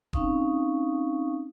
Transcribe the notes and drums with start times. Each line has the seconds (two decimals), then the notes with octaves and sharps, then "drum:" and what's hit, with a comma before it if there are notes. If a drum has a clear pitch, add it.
0.13 C4 C#4 D#4 F5 C#6 D#6, drum: kick E1